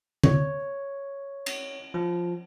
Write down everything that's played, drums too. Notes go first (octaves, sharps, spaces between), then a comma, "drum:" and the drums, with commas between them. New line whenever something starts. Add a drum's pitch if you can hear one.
C#5, drum: tom D3
drum: cymbal
F3